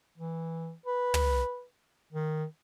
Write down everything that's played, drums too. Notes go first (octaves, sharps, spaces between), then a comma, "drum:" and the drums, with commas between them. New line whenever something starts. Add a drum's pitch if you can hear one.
E3
B4
drum: tom
D#3